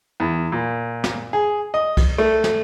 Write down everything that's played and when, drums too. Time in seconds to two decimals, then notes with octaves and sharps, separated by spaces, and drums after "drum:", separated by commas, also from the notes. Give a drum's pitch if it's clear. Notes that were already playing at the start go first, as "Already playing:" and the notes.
0.20 E2
0.52 A#2
1.04 drum: snare
1.33 G#4
1.74 D#5
1.97 drum: kick C2, cymbal
2.18 A3
2.44 drum: snare